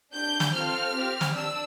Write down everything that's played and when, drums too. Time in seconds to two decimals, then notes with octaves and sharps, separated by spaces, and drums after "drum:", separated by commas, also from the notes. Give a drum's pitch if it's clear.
0.13 D4 G4 G6
0.40 drum: snare
0.53 C4 F4 A4 F6
0.94 C4 G4
1.21 drum: snare
1.34 D4 E6